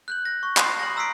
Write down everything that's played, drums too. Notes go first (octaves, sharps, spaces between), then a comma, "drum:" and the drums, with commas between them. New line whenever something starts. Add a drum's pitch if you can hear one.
F#6 G6 F#7
A#6
C#6
B5 C6 D#6 F6 C7, drum: clap
A#6 F#7
A#5 E6 F6 B6 C7 D7